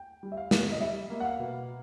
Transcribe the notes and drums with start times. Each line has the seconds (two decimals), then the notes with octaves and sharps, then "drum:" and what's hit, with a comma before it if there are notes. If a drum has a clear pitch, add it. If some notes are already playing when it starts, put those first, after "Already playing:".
Already playing: G5
0.23 G3
0.32 E5
0.37 F5
0.51 G3, drum: snare
0.72 D#5
0.80 G3 E5
1.10 A#3
1.20 F#5
1.24 F5
1.39 B2